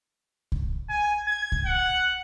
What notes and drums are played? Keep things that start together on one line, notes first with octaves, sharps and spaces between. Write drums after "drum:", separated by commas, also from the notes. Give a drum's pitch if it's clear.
drum: kick C2
G#5
G#6
drum: kick C2
F#5